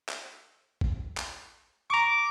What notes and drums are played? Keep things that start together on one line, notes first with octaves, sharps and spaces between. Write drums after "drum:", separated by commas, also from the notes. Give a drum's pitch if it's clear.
drum: clap
drum: kick A1
drum: clap
A#5 C#6 D6